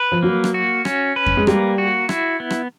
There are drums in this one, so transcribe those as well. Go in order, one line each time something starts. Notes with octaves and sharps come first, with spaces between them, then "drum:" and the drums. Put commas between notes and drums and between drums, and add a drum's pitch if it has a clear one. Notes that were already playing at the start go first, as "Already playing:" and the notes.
Already playing: B4
F3
F#3 A#3
drum: rim click
F#4
C#4, drum: rim click
B4
drum: kick F2
G#3
G3 A#3, drum: rim click
F#4
E4, drum: rim click
B3
drum: rim click